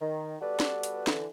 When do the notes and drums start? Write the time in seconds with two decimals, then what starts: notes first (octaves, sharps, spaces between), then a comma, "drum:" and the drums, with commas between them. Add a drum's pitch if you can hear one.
0.01 D#3
0.41 G3 B3 F#4 A4 B4 D5
0.60 drum: snare
0.83 drum: hi-hat
1.07 D3 E3, drum: snare